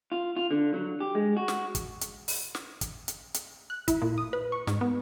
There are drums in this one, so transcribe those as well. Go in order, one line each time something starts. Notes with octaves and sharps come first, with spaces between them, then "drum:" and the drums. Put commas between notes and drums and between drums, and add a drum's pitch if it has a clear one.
F4
F4
D3
F#3
G4
G#3
F#4
drum: snare
drum: kick, hi-hat
drum: hi-hat
drum: open hi-hat
drum: snare
drum: kick, hi-hat
drum: hi-hat
drum: hi-hat
F#6
E4, drum: kick, hi-hat
A#2
D#6
B4
C#6
G#2, drum: snare
B3